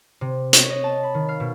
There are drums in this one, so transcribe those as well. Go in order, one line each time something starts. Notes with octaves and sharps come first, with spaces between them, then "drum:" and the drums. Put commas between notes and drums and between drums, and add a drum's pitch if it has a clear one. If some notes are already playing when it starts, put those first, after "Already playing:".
C3
C#5, drum: hi-hat
D#5
A5
B5
D#3
F5
B2